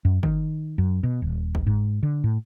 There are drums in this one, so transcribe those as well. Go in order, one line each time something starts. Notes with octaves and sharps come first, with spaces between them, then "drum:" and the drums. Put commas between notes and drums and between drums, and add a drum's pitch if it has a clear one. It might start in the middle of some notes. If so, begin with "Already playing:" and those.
F#2
D#3, drum: kick
F#2
B2
D#1
drum: kick
G#2
D3
A2